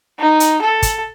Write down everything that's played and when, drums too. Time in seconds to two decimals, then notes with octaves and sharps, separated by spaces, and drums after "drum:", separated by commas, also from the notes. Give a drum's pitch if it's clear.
0.19 D#4
0.40 drum: hi-hat
0.61 A4
0.82 drum: kick, hi-hat